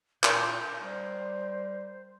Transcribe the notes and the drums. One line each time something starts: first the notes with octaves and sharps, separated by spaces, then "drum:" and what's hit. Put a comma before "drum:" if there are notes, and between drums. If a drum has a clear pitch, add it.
A#2 A#4 G6, drum: clap
G3 C5